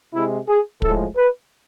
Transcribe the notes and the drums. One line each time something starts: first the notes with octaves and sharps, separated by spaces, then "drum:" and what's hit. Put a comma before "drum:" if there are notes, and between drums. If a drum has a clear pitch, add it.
C3 G#3 E4
G#4
A2 F3 G#3 A4, drum: kick
B4